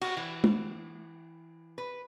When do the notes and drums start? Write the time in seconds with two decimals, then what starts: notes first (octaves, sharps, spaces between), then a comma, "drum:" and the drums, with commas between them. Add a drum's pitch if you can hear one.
0.01 F#4, drum: cymbal
0.17 E3
0.44 drum: tom
1.78 B4